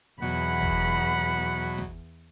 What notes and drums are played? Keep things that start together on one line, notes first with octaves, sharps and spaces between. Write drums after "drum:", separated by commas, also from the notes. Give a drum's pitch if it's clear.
E2 B2 F#3 F#5 B5
drum: kick
drum: snare